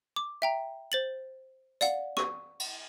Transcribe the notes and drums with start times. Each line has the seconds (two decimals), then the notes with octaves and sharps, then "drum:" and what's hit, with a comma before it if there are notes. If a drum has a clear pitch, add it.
0.16 D6
0.42 E5 G5 A#5
0.92 C5 A6 F#7
1.81 D5 F5 F#5, drum: hi-hat
2.17 C#6, drum: rim click
2.60 drum: cymbal